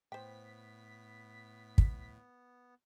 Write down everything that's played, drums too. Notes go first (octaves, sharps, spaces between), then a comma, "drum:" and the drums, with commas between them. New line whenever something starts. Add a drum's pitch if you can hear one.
A2 B3 C5 G5 B6
drum: kick